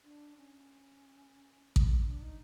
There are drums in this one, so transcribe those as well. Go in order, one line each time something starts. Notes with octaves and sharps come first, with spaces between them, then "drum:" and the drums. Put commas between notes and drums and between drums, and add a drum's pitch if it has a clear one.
D4
C#4
drum: kick A1
D4
D#4